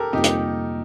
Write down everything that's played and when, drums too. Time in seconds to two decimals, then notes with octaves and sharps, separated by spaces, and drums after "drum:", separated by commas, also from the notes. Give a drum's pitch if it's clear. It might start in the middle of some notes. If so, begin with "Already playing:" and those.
Already playing: G4 A4 A#4
0.13 F2 C3 G3 A#3 D#4 F4 G4
0.24 drum: hi-hat